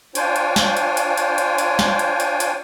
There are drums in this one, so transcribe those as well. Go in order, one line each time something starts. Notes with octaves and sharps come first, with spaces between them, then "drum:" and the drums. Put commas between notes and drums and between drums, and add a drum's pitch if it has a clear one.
D4 F4 C5 C#5 G5 G#5, drum: hi-hat
drum: hi-hat
drum: snare
drum: hi-hat
drum: hi-hat
drum: hi-hat
drum: hi-hat
drum: hi-hat
drum: snare
drum: hi-hat
drum: hi-hat
drum: hi-hat